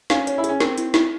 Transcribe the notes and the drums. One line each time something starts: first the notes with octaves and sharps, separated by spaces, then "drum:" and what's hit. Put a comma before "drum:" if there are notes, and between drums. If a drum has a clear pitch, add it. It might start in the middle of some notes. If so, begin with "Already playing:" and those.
C#4 F5, drum: snare
C#5, drum: hi-hat
E4
C#4 G#4, drum: hi-hat
C4 A#4, drum: snare
E4, drum: hi-hat
E4, drum: snare